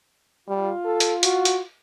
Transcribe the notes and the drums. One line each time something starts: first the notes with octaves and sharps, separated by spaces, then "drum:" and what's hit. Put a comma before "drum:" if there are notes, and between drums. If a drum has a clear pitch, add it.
G3 F4
A4
drum: hi-hat
F#4, drum: hi-hat
drum: hi-hat